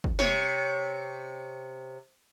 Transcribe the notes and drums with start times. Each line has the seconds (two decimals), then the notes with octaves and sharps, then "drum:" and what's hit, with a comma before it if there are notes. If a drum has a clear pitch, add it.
0.04 drum: kick
0.19 C3 C#5, drum: snare